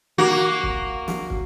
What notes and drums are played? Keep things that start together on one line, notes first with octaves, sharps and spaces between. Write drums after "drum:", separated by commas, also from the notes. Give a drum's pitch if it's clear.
A#3 F#4
drum: kick
drum: snare
drum: kick